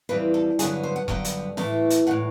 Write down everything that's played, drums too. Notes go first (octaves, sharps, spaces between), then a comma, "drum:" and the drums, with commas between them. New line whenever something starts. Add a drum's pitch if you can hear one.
F2 C3 E3 G3 C4 B4
A4
G2 D3 F#3 B3 G#4, drum: hi-hat
C5
F#5
G2 D3 F#3 B3 G5, drum: kick E1
drum: hi-hat
A2 E3 A3, drum: snare
drum: hi-hat
A2 E3 A3 F#5